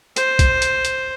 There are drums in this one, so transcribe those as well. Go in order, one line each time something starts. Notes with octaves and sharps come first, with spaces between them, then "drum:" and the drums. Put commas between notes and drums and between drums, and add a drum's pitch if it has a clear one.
C5, drum: hi-hat
drum: kick B1, hi-hat
drum: hi-hat
drum: hi-hat